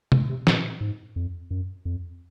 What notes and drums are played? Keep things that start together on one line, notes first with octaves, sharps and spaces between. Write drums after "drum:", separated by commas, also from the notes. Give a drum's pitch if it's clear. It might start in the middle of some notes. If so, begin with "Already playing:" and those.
C#3, drum: tom
C3
A#2, drum: snare
G#2
F2
F#2
F2